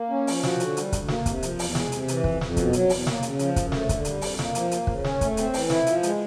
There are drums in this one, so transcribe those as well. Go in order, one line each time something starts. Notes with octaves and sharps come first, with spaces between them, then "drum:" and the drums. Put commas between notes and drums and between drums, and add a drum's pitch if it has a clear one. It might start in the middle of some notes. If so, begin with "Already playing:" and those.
Already playing: A#3
C#4
F3, drum: open hi-hat
F#4, drum: snare
D3, drum: hi-hat
G3, drum: hi-hat
D2, drum: kick, hi-hat
A#3, drum: snare
C3, drum: kick, hi-hat
F3, drum: hi-hat
E2, drum: open hi-hat
G#3, drum: snare
C3, drum: hi-hat
E3, drum: hi-hat
F2, drum: kick
F2, drum: snare
B2, drum: kick, hi-hat
F#3, drum: hi-hat
E2, drum: open hi-hat
A#3, drum: snare
C#3, drum: hi-hat
F3, drum: hi-hat
F#2, drum: kick, hi-hat
A3, drum: snare
D3, drum: kick, hi-hat
G3, drum: hi-hat
F2, drum: open hi-hat
A#3, drum: snare
F3, drum: hi-hat
A#3, drum: hi-hat
C#3, drum: kick
C#4, drum: snare
A3, drum: kick, hi-hat
C4, drum: hi-hat
E3, drum: open hi-hat
E4, drum: snare
F3, drum: hi-hat
G#3, drum: hi-hat